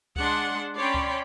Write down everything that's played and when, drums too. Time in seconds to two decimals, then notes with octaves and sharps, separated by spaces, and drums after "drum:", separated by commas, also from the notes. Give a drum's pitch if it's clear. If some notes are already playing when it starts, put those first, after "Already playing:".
0.16 G#3 D4 F#5 C6, drum: kick C#2
0.78 C#4 C#5 D5 G5 B5 C6
0.94 drum: kick C#2